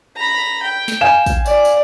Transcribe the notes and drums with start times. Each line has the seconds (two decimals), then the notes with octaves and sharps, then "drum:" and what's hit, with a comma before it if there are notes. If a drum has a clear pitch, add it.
0.16 A#5 B5
0.63 G5
0.88 drum: snare
1.01 F5 G#5 E7
1.26 drum: kick, tambourine
1.46 D5, drum: tambourine
1.65 drum: tambourine